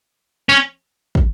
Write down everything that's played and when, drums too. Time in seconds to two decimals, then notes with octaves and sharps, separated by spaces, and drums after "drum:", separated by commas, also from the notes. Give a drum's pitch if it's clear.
0.49 C#4
1.15 drum: kick